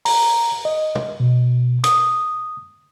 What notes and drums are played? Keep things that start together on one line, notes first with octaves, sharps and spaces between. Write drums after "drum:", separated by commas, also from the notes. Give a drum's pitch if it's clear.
A#5, drum: open hi-hat
D#5
drum: tom
B2
D#6, drum: hi-hat